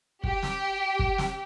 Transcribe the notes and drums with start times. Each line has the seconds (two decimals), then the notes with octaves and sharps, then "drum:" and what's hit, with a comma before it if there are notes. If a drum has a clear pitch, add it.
0.24 G4, drum: kick
0.42 drum: snare
0.99 drum: kick
1.18 drum: snare